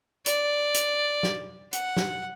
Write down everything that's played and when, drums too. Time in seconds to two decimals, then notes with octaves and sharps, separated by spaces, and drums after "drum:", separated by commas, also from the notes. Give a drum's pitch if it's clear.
0.26 D5, drum: hi-hat
0.74 drum: hi-hat
1.23 drum: snare
1.73 F#5, drum: hi-hat
1.97 drum: snare